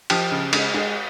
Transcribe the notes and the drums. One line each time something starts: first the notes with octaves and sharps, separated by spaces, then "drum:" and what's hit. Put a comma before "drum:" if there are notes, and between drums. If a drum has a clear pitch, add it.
F3 G4, drum: cymbal
C#3
G#3, drum: cymbal
G#3